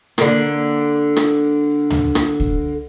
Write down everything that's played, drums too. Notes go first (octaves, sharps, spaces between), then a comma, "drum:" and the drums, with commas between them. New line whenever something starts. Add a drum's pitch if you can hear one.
D3 A#3, drum: rim click
drum: rim click
drum: tom
drum: rim click
drum: kick C#2